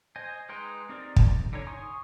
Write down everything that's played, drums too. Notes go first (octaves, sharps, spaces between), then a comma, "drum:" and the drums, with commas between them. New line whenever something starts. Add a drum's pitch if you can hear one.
C5 D#5 G#5
G#3 D#4 B4 G5 C6
C4 D#4 G4 A#4 D5
drum: kick
D3 D#4 C#5
G#5 C6 C#6 D#6